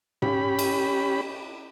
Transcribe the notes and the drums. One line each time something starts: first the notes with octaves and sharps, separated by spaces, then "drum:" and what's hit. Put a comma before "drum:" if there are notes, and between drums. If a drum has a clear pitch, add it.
C#4 G4 B5, drum: tom G#2
drum: cymbal